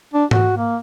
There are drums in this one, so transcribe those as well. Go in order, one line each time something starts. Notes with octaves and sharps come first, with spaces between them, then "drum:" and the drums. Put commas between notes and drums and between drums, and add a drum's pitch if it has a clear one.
D4
F#4, drum: tom G#2
A#3